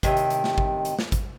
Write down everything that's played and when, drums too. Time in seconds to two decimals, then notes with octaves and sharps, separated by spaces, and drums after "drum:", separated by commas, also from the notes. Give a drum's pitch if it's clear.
0.03 A2 C3 D#3, drum: kick G#1, hi-hat
0.17 drum: hi-hat
0.30 drum: hi-hat
0.44 drum: snare
0.58 drum: kick G#1
0.85 drum: hi-hat
0.99 drum: snare
1.12 drum: kick G#1, hi-hat